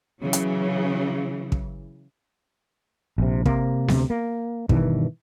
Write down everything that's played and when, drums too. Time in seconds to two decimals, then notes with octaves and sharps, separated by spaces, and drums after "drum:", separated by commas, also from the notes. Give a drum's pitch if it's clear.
0.22 C#3 E3 F#3
0.33 drum: hi-hat
1.52 drum: kick
3.18 A#1 C3
3.46 C3 A#3, drum: kick
3.88 D2 C3, drum: snare B3
4.10 A#3
4.69 G2 B2 D#3 E3, drum: kick